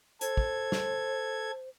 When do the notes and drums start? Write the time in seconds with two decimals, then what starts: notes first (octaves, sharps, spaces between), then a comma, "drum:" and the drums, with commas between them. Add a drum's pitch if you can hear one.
0.21 A4 C5 G#6, drum: hi-hat
0.37 drum: kick
0.72 drum: snare